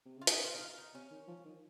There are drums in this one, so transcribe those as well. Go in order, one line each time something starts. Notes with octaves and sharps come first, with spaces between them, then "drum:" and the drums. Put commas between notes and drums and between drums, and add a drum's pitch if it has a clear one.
C3
C#3 F4
D#3 D#4, drum: hi-hat
F4
D#4
F4
D#4
C3 C#4
D#3
F3
D#3